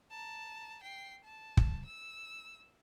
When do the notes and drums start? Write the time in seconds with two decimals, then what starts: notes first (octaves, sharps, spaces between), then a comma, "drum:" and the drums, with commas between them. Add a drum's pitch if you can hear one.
0.11 A5 A#5
0.83 G5 C7
1.24 A5
1.57 drum: kick
1.85 E6